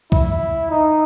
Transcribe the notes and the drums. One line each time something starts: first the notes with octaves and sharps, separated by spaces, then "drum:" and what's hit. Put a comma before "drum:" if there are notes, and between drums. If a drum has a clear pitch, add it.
E4, drum: kick C2
D#4